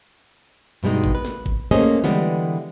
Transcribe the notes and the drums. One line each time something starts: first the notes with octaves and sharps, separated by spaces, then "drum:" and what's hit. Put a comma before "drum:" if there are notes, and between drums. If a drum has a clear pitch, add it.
G2 B2 G3 G#3 D#4
drum: kick G1
B4
drum: snare
drum: kick G1
A3 A#3 C#4 G#4 C5 D#5
D3 E3 G3 G#3 B3 F4